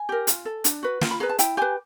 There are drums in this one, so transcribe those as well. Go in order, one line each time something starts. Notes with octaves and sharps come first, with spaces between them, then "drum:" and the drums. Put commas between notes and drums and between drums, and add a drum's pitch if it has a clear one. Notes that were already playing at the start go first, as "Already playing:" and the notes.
Already playing: G#5
G4 A#4
F4, drum: hi-hat
A4
D4, drum: hi-hat
F#4 B4
F4 A#5, drum: snare
B5
G#4 B4 A#5
A5
E4 G5, drum: hi-hat
G4 B4 G#5